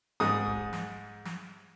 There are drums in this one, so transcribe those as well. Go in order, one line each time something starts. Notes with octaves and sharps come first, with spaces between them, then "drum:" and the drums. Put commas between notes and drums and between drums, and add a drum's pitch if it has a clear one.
G#2 D#6, drum: snare
drum: kick D1
drum: snare
drum: snare